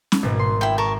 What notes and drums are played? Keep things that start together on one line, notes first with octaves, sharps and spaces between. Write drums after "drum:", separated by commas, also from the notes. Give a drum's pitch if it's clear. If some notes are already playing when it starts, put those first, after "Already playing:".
drum: snare C#4
G#1 B2
C6
E4 G5
A#4 A5 C#6